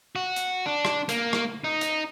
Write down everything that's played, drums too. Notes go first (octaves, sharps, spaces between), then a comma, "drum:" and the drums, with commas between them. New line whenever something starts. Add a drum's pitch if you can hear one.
F#4
drum: hi-hat
D4
drum: rim click
A#3, drum: hi-hat
drum: rim click
D#4
drum: hi-hat